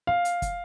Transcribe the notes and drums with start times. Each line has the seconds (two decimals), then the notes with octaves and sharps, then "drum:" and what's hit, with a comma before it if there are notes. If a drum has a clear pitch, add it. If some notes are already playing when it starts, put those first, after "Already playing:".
0.07 F5
0.25 drum: hi-hat
0.42 drum: kick, hi-hat